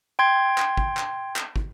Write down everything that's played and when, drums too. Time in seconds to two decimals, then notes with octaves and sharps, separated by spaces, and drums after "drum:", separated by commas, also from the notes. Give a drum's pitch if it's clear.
0.19 G5 C6 G#6
0.58 drum: clap
0.77 drum: kick
0.97 drum: clap
1.36 drum: clap
1.56 drum: kick